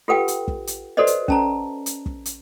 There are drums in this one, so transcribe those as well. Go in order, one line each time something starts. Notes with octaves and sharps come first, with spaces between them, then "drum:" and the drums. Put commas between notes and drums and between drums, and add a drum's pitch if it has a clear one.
F4 G4 A4 B4 F#5 G5
drum: hi-hat
drum: kick
drum: hi-hat
F#4 A4 B4 C5 D5 D#5
drum: hi-hat
C#4 A5 A#5, drum: kick
drum: hi-hat
drum: kick
drum: hi-hat